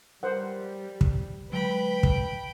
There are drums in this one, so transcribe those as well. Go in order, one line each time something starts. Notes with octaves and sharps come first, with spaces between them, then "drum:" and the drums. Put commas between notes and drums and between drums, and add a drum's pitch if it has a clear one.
G3 A#4 C5 F#5
drum: kick
D3 F#3 G#3 B4 G5 B5
drum: kick